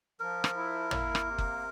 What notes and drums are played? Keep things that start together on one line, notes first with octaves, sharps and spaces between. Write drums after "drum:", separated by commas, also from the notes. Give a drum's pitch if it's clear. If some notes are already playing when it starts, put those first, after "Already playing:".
F3 A#4
drum: rim click
E4
A#3, drum: tom
drum: rim click
C3
drum: kick F#1